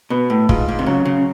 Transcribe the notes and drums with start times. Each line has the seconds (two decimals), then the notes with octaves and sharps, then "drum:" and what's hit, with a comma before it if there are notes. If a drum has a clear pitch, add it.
0.10 B2 B3
0.30 A2
0.49 G#2 F4, drum: kick
0.69 G#2
0.79 C3
0.86 C#3 F#3
1.05 C#3